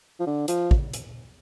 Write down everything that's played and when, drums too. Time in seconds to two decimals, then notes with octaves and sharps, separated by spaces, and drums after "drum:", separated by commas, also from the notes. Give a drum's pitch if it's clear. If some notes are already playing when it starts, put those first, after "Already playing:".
0.20 F3
0.27 D3
0.48 F3, drum: hi-hat
0.71 drum: kick
0.93 drum: hi-hat